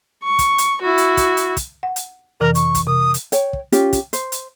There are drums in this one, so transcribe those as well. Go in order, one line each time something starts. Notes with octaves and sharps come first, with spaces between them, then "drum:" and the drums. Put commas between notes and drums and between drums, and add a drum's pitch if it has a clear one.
C#6
drum: kick, hi-hat
drum: hi-hat
E4 F#4
drum: hi-hat
drum: kick, hi-hat
drum: hi-hat
drum: kick, hi-hat
F#5
drum: hi-hat
F2 C3 E3 A#4
C#6, drum: hi-hat
drum: kick, hi-hat
C3 D#6
drum: hi-hat
C#5 G5, drum: hi-hat
drum: kick
C#4 F4 G4, drum: hi-hat
drum: kick, hi-hat
C5, drum: hi-hat
drum: hi-hat